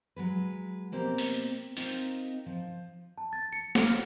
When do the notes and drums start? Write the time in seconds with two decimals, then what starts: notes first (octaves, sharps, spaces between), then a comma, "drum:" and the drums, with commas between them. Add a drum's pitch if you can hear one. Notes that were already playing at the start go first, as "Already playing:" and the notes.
0.16 F#3 G#3 B4
0.92 B2 A#3 C4 G4 A#4
1.18 drum: open hi-hat
1.77 C4 D#4 F4 A#4, drum: open hi-hat
2.46 F3
3.18 A5
3.33 A6
3.53 C#7
3.75 A4, drum: snare
3.87 F6